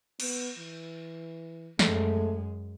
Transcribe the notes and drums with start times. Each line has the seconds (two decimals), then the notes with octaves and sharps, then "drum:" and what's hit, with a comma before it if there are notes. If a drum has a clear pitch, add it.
0.20 B3, drum: cymbal
0.58 E3
1.79 F#2 G#3 A3, drum: snare